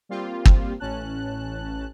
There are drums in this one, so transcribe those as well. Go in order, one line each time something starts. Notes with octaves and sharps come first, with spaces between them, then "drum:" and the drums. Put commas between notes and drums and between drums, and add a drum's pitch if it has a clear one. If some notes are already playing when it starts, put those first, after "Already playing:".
G3 A#3 C4 F4 G4
drum: kick
A1 C#4 A5 F#6